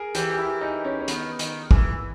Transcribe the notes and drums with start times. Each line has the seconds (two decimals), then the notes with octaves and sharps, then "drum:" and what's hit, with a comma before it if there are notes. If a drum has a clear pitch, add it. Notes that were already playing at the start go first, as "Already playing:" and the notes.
Already playing: G#4 A#4
0.15 E3 G4, drum: hi-hat
0.30 G4
0.38 E4
0.61 D#4
0.85 C#4
1.00 C#4
1.08 D#3 B3, drum: hi-hat
1.39 D#3, drum: hi-hat
1.71 E3, drum: kick